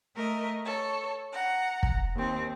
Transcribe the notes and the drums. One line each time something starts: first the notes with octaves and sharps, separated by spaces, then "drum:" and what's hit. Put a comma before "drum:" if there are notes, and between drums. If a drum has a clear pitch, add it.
A3 A#4 D#5
A4 C#5
F#5 A#5
drum: kick
D#2 C4